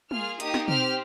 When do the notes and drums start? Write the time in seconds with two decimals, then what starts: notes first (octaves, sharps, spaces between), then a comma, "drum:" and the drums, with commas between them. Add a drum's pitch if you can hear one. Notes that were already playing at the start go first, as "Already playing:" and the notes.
0.11 A#3 F4 G#4 F6, drum: tom
0.40 A#3 D#4 G4 D#6, drum: hi-hat
0.54 drum: snare
0.68 C4 G4 F6, drum: tom B2